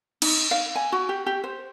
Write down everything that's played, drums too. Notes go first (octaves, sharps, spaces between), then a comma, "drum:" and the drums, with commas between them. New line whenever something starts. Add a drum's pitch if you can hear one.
D#4, drum: cymbal
F5
G#5
F#4
G4
G4
C5